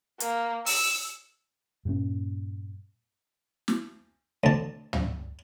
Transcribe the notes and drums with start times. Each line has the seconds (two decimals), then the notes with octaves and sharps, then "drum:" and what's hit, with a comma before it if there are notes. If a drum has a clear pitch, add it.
0.20 A#3, drum: hi-hat
0.66 E6, drum: open hi-hat
1.85 G2 A#2 C#4
3.68 drum: snare
4.44 D2 A5
4.93 drum: tom